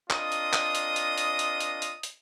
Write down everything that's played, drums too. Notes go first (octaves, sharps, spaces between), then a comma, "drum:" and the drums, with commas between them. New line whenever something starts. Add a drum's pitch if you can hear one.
C4 D4 F4 A#4 D#5 D#6, drum: clap
drum: hi-hat
drum: clap
drum: hi-hat
drum: hi-hat
drum: hi-hat
drum: hi-hat
drum: hi-hat
drum: hi-hat
drum: hi-hat